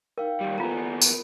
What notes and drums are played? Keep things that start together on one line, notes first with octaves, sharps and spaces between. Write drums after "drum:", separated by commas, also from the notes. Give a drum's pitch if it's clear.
D#4 A#4 F5 G5
D#2 G3
D#2 B3 F4 A4 D5 G#5 A#5
A#4 B5, drum: tambourine